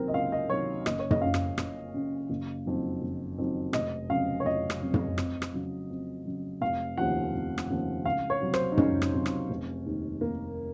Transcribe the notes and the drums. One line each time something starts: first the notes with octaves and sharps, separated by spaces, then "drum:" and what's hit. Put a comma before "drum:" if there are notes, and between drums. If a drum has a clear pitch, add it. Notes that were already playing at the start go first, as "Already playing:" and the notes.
Already playing: C#2 C3 D#3 F#3 A#3 C4 A#4
D#5
C#2 F5
D#5
C3 D#3 F#3 C#5
F#1 D#5, drum: rim click
C#5
D#5, drum: tom
F#2 C#3 F5
drum: rim click
F#1, drum: rim click
F#2 C#3
F#1
F2 D#3 F#3
F#1
F2 D#3 F#3
F1 D#5, drum: rim click
F2 C#3 F#3 F5
C#5
F1 D#5
drum: rim click
F2 C#3 F#3
drum: tom
F2, drum: rim click
drum: rim click
C#3 F#3
F2
C#3 F#3
F1 F5
D#2 C#3 F3 F#5
F1
drum: rim click
D#2 C#3 F3
C#2 F5
C#5
C3 F#3
C5, drum: rim click
D#4
C#2 C#4, drum: tom
drum: rim click
C3 F#3
drum: rim click
F1
D#2 D#3
F1 A#3